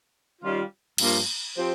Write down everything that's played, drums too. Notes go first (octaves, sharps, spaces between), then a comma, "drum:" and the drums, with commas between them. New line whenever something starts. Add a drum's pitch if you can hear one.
D#3 G3 C#4 F4
G2 F3 A#3, drum: cymbal
F3 C4 G4 C5